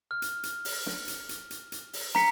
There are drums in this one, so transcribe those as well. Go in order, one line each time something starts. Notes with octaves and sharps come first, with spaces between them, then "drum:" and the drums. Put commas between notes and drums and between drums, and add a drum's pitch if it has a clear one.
F6
drum: hi-hat
drum: hi-hat
drum: open hi-hat
drum: snare
drum: hi-hat
drum: hi-hat
drum: hi-hat
drum: hi-hat
drum: open hi-hat
A#5 B6 C#7, drum: snare